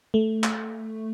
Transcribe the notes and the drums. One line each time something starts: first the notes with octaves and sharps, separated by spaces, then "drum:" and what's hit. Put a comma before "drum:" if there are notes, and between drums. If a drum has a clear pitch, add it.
A3
drum: clap